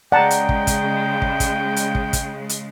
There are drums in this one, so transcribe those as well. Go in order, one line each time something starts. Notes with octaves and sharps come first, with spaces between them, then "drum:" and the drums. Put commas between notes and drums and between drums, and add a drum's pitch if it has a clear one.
C#3 G#3 D5 F#5 G5 A5 A#5
drum: hi-hat
drum: kick
drum: kick, hi-hat
drum: kick
drum: kick, hi-hat
drum: hi-hat
drum: kick
drum: kick, hi-hat
drum: hi-hat